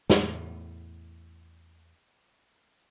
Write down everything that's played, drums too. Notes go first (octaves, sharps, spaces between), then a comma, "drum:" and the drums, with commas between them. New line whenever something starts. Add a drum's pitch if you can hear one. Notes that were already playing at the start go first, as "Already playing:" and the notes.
E2 A2, drum: snare